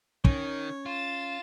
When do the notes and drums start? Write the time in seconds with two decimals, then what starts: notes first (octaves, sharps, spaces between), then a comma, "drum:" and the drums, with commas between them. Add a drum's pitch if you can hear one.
0.25 D#3 C#4 C#5, drum: kick
0.86 F4 A6 E7